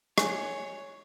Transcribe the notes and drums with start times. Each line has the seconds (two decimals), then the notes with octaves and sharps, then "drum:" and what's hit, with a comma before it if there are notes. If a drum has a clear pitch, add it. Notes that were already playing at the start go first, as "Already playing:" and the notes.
0.18 C#5 G#5, drum: rim click